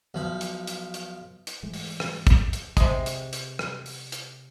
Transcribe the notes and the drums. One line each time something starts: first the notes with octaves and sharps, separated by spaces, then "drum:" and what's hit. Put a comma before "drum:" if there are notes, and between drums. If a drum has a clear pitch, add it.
B1 F3 E5
drum: hi-hat
drum: hi-hat
drum: hi-hat
drum: hi-hat
G#2 E3 G#3 A3
drum: open hi-hat
drum: rim click
drum: kick, hi-hat
drum: hi-hat
C3 G#3, drum: kick, hi-hat
drum: hi-hat
drum: hi-hat
drum: rim click
drum: open hi-hat
drum: hi-hat